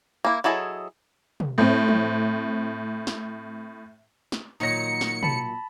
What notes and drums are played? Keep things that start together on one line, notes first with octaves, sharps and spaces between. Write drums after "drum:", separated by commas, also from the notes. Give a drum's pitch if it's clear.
A#3 E4
F#3 E4 G#4 A4 D#5
drum: tom
A2 C4
drum: tom
drum: snare
drum: snare
A#2 D#3 F#3 D#4 C#5 A#6 C#7
drum: snare
A5 B5, drum: tom